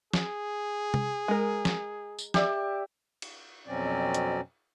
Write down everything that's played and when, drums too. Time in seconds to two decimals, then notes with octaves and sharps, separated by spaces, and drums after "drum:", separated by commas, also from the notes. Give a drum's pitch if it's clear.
0.14 G#4, drum: snare
0.94 drum: tom C3
1.28 G#3 A#4
1.65 drum: snare
2.19 drum: tambourine
2.34 G4 D5 E5, drum: snare
3.22 drum: cymbal
3.66 F2 B2 F#3 C4 C#4 D5
4.14 drum: hi-hat